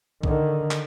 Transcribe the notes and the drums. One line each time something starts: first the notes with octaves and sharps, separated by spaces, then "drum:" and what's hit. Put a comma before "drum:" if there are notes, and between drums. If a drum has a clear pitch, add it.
D3 D#3, drum: kick B1
drum: clap